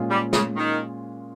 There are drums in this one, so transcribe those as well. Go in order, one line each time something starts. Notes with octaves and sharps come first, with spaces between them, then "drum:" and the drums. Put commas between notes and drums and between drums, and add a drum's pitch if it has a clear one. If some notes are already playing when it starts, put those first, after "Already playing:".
Already playing: A#2 G#3 C#4 F4 G#4
G3
C#3, drum: snare
D#3